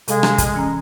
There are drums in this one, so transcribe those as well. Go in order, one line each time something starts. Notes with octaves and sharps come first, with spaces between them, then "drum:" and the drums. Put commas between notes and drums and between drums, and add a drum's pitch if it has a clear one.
C3 G#3 A4 F5, drum: hi-hat
drum: rim click
drum: kick, hi-hat
E3 C#4 A#5